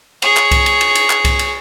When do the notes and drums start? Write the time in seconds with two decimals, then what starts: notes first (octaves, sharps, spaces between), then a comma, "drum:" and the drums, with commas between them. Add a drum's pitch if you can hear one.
0.22 G#4 C#5, drum: cymbal
0.37 drum: clap
0.51 drum: kick C2, cymbal
0.66 drum: cymbal
0.81 drum: cymbal
0.95 drum: cymbal
1.10 drum: clap
1.25 drum: kick C2, cymbal
1.39 drum: cymbal